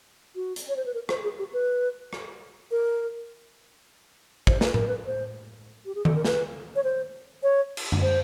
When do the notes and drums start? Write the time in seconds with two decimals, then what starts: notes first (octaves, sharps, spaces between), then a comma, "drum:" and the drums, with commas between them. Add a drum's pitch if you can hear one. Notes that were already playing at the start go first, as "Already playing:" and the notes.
0.35 F#4
0.56 drum: hi-hat
0.68 C#5
0.76 C5
0.85 B4
0.94 A#4
1.09 C5, drum: rim click
1.24 G#4
1.39 G4
1.53 B4
2.13 drum: rim click
2.71 A#4
4.47 C5, drum: kick
4.61 B4, drum: snare
4.74 A#4, drum: tom A2
4.87 B4
5.06 C5
5.86 G4
5.95 G#4
6.05 A4, drum: tom D#3
6.15 A#4
6.25 B4, drum: snare
6.76 C#5
6.84 C5
7.43 C#5
7.77 drum: cymbal
7.92 drum: tom F#2
8.02 C5